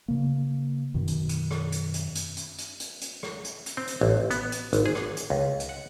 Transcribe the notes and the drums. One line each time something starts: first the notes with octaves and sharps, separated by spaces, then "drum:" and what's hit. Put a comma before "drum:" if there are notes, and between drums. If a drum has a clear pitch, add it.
C#3 A#3
F#2 B2 D#3
drum: hi-hat
drum: hi-hat
drum: rim click
drum: hi-hat
drum: hi-hat
drum: hi-hat
drum: hi-hat
drum: hi-hat
drum: hi-hat
drum: hi-hat
drum: rim click
drum: hi-hat
drum: hi-hat
C4
drum: hi-hat
A1
B3, drum: hi-hat
drum: hi-hat
G#1, drum: hi-hat
G#4
drum: rim click
drum: hi-hat
C#2
drum: hi-hat
F#5